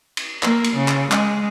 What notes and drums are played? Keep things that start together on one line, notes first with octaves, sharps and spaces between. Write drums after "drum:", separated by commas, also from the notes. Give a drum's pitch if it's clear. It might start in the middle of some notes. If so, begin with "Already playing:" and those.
drum: cymbal
A#3, drum: clap
drum: cymbal
C#3
drum: clap
G#3, drum: clap